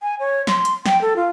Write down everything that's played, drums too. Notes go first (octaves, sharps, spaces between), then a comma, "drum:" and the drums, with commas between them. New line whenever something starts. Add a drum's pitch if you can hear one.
G#5
C#5
C6, drum: snare
drum: hi-hat
G5, drum: snare
A4
F4